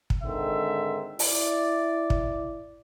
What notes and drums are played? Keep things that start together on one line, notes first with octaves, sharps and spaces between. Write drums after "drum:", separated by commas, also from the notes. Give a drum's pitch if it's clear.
drum: kick
G#2 D3 D#3 C4 E5
E4 D5, drum: open hi-hat
drum: kick